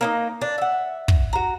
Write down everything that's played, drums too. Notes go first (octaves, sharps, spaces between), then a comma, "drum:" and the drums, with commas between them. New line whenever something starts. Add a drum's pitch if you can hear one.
A#3 C#4 D#4
D4
E5 F#5
drum: kick
F#4 A#5